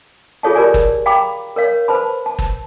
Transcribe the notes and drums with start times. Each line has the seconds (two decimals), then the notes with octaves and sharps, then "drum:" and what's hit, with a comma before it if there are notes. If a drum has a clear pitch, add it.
0.43 F4 G#4 A4 C#5 F5 A5
0.55 F4 G4 A#4 C#5 D5 G#5
0.74 drum: kick
1.06 F5 G5 A#5 B5 D6
1.56 A#4 C#5 F5
1.88 B4 C5 A5 B5
2.26 A5
2.39 drum: kick